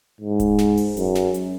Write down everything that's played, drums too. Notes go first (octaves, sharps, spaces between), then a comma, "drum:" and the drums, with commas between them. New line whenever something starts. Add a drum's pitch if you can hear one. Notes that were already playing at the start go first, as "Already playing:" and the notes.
G#2
drum: kick D1, hi-hat
drum: snare
drum: open hi-hat
F#2, drum: hi-hat
drum: snare
drum: hi-hat